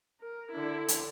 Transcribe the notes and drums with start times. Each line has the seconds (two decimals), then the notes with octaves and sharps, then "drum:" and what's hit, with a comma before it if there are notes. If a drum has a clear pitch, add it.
0.21 A#4
0.52 D3 E4
0.88 drum: hi-hat